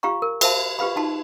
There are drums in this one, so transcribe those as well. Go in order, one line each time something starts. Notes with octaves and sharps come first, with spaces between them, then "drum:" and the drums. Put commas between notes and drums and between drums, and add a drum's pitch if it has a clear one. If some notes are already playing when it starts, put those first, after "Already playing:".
F4 G4 F5 A#5 C#6
A#4
A#4 C5 E5 F5 A5 B5, drum: cymbal
F4 G4 B4 F5 B5
D#4 F4 F#4 A5 C6